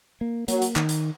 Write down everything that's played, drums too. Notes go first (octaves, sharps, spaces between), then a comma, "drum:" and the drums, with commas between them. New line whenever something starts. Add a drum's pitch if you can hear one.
A#3
F#3 A#3, drum: hi-hat
drum: hi-hat
D#3, drum: clap
drum: hi-hat